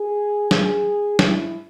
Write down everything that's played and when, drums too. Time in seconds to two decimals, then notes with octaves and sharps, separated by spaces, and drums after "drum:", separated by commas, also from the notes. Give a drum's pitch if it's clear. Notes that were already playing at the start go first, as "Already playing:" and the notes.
Already playing: G#4
0.51 F#2 E3 G#4, drum: snare
1.19 G#2 D#3 F#3 E4, drum: snare